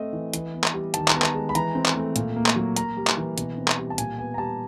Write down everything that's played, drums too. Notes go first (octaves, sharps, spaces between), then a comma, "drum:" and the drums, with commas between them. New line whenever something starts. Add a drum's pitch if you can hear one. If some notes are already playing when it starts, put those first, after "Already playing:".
Already playing: A3 C4 D#5 E5
E3
E3, drum: hi-hat
B3
drum: clap
G3
D#3 A5, drum: hi-hat
A#5, drum: clap
B3
A5, drum: clap
G#3
B5
E3 A#5, drum: hi-hat
C4
drum: clap
A3
A#2, drum: hi-hat
A#3
drum: clap
F#3
A#3 A#5, drum: hi-hat
G3
drum: clap
E3
B2, drum: hi-hat
C4
drum: clap
G3
A5
A#2 G#5, drum: hi-hat
B3 G#5
A#5
G3 A5